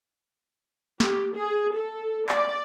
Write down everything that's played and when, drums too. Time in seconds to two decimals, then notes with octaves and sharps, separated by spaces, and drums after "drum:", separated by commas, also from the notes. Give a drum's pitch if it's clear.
1.00 G4, drum: snare
1.36 G#4
1.76 A4
2.29 D5, drum: clap